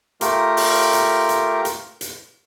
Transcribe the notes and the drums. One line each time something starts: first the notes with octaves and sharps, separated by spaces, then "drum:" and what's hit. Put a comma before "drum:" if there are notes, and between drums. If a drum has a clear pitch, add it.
A3 F4 G4 A#4, drum: hi-hat
drum: open hi-hat
drum: hi-hat
drum: hi-hat
drum: hi-hat
drum: hi-hat